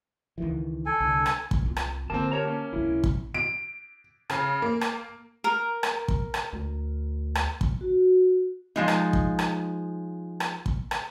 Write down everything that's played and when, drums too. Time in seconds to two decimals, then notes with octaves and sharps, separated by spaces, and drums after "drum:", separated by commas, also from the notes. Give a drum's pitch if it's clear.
0.38 C#2 D#3 E3
0.86 A4 G#5
1.00 C2 D3
1.26 drum: rim click
1.51 drum: kick
1.62 C2 F4
1.77 drum: rim click
2.10 D3 A#3 C4 F4 A5
2.32 G4 A#4 C#5 A5 A#5
2.45 A#3 C#4
2.73 C#2 C3 E4
3.04 drum: kick
3.34 D7
4.30 C#3, drum: rim click
4.62 A#3
4.81 drum: rim click
5.44 A#4
5.83 drum: rim click
6.08 drum: kick
6.34 drum: rim click
6.53 D2
7.35 drum: rim click
7.61 drum: kick
7.81 F#4
8.76 F3 G#3 D#4
8.88 drum: rim click
9.13 drum: kick
9.39 drum: rim click
10.40 drum: rim click
10.66 drum: kick
10.91 drum: rim click